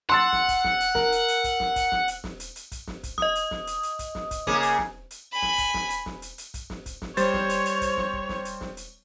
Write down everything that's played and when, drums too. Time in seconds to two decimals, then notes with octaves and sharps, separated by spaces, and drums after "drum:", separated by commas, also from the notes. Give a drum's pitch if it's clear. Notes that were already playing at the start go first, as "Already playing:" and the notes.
0.10 F#5 C6 E6 A6
0.33 drum: snare
0.49 drum: kick, hi-hat
0.64 drum: snare
0.80 drum: hi-hat
0.95 A#4, drum: snare
1.12 drum: hi-hat
1.28 drum: hi-hat
1.44 drum: kick, hi-hat
1.60 drum: snare
1.76 drum: kick, hi-hat
1.92 drum: snare
2.08 drum: hi-hat
2.24 drum: snare
2.40 drum: hi-hat
2.56 drum: hi-hat
2.72 drum: kick, hi-hat
2.88 drum: snare
3.03 drum: kick, hi-hat
3.18 D#5 D#6, drum: snare
3.35 drum: hi-hat
3.51 drum: snare
3.67 drum: hi-hat
3.83 drum: hi-hat
3.99 drum: kick, hi-hat
4.15 drum: snare
4.31 drum: kick, hi-hat
4.47 C#3 A#3 G#4, drum: snare
4.63 drum: hi-hat
4.79 drum: snare
5.11 drum: hi-hat
5.33 G#5 B5
5.42 drum: snare
5.58 drum: kick, hi-hat
5.74 drum: snare
5.90 drum: hi-hat
6.06 drum: snare
6.22 drum: hi-hat
6.38 drum: hi-hat
6.54 drum: kick, hi-hat
6.70 drum: snare
6.86 drum: kick, hi-hat
7.02 drum: snare
7.17 G3 C5 C#5 A6, drum: hi-hat
7.34 drum: snare
7.50 drum: hi-hat
7.65 drum: hi-hat
7.81 drum: kick, hi-hat
7.97 drum: snare
8.13 drum: kick
8.29 drum: snare
8.45 drum: hi-hat
8.61 drum: snare
8.77 drum: hi-hat